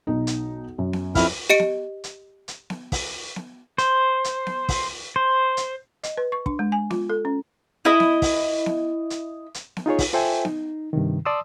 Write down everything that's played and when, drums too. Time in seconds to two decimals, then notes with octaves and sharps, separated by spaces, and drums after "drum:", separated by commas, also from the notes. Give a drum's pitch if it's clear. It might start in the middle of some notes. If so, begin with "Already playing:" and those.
0.07 B1 D#4
0.27 drum: hi-hat
0.78 F#2
0.93 drum: snare B3
1.15 F2 E4 F6, drum: kick, open hi-hat
1.50 G4 D#5 C#7 D7
1.59 drum: snare B3
2.04 drum: hi-hat
2.48 drum: hi-hat
2.70 drum: snare B3
2.92 drum: kick, open hi-hat
3.36 drum: snare B3
3.78 C5, drum: hi-hat
4.24 drum: hi-hat
4.47 drum: snare B3
4.69 drum: kick, open hi-hat
5.16 C5
5.57 drum: hi-hat
6.04 D#5, drum: hi-hat
6.17 B4
6.32 C#6
6.46 D4, drum: kick
6.59 G#3
6.72 G#5
6.91 F4, drum: snare B3
7.10 A4
7.25 C#4
7.85 E4 D#5
8.00 drum: snare B3
8.22 drum: kick, open hi-hat
8.66 drum: snare B3
9.10 drum: hi-hat
9.54 drum: hi-hat
9.77 drum: snare B3
9.86 D#4 F4 G#4 C#5
9.99 drum: kick, open hi-hat
10.13 F4 A4 C5 E5 G5 G#5
10.45 D#4, drum: snare B3
10.93 G2 C3 D#3
11.25 D5 A5 C6 D#6 E6